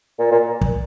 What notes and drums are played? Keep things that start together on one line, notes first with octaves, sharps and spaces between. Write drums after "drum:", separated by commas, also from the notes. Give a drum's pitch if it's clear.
A#2
A#2
drum: kick